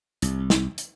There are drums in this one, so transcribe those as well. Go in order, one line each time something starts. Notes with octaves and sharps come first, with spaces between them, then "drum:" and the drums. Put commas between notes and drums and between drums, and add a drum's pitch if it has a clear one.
C2, drum: hi-hat
drum: snare
drum: hi-hat